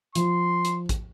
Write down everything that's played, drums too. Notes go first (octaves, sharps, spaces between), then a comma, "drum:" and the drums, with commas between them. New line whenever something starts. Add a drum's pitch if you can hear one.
F3 C6, drum: hi-hat
drum: hi-hat
drum: kick A1, hi-hat